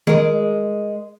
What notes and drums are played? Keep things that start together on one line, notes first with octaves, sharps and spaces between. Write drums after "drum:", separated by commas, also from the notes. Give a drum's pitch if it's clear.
G#3 A#4, drum: tom D#3